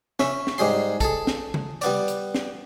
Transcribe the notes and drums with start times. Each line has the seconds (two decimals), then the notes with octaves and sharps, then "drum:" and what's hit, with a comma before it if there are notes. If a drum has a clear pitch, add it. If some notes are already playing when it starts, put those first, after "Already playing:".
0.19 C#4 E5, drum: snare
0.47 drum: snare
0.58 G#2 G3 G#4 C6
1.00 G#4 A4, drum: kick, hi-hat
1.27 drum: snare
1.54 drum: tom C#3
1.81 G3 B3 D5, drum: hi-hat
2.08 drum: hi-hat
2.35 drum: snare